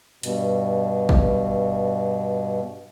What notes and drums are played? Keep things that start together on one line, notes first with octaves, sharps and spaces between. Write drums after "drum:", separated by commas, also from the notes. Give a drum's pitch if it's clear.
G2 B2, drum: hi-hat
drum: kick